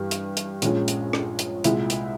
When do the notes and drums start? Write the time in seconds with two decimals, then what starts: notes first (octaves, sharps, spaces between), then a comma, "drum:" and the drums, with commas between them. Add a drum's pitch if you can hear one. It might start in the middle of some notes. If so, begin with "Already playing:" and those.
Already playing: G2 E3 G3
0.11 drum: hi-hat
0.37 drum: hi-hat
0.62 A#1 A#2 G#3 C#4, drum: hi-hat
0.88 drum: hi-hat
1.13 drum: rim click
1.39 drum: hi-hat
1.64 C2 A#2 G#3 E4, drum: hi-hat
1.90 drum: hi-hat